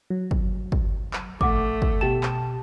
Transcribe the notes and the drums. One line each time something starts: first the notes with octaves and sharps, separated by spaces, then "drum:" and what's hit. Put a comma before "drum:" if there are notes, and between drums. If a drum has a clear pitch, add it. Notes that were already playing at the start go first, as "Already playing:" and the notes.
F#3
drum: kick
drum: kick
drum: clap
A#1 A3 F#5 D6, drum: kick
drum: kick
B2 G4 A5 E7
drum: clap